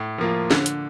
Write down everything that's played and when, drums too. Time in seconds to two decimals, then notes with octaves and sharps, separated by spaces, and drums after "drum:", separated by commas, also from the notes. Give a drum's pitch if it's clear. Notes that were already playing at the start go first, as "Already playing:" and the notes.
Already playing: A2
0.18 F3 A#3 F4
0.51 D3, drum: snare
0.66 drum: hi-hat